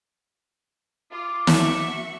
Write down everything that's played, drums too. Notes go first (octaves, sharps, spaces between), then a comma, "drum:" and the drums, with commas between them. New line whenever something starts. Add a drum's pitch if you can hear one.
F4 D6
F#4 E5 C#6, drum: snare